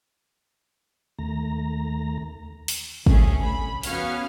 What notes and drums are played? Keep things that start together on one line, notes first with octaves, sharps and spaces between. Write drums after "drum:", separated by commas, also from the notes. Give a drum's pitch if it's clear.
D#2 D#3 A3 A#5 A#6
drum: open hi-hat
C2 A3 C#4 G#4, drum: kick
B5
E2 B3 C#4 F#4 F5 F6, drum: open hi-hat